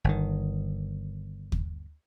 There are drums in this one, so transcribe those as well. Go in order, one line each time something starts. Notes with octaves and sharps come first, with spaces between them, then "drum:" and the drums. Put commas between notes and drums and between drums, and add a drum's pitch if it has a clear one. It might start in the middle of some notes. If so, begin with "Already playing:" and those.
G1 D#3
drum: kick